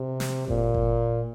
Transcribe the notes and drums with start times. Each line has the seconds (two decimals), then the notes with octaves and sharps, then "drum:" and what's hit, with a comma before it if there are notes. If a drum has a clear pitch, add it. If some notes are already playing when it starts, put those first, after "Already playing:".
Already playing: C3
0.20 drum: snare
0.48 A#2, drum: kick G1
0.74 drum: kick G1